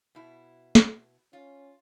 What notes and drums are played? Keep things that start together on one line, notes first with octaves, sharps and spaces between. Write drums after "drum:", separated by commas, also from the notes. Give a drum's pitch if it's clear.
B2 E4
drum: snare
C#4 F4